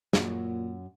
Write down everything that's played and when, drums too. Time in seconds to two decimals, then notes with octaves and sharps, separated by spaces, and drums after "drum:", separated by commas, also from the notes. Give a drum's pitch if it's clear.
0.13 F#2 A#2, drum: snare